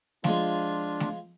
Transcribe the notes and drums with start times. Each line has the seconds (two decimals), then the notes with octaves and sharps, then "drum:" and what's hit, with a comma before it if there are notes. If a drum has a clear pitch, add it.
0.24 F3 G#3 D4 F4, drum: snare A3
1.00 drum: snare A3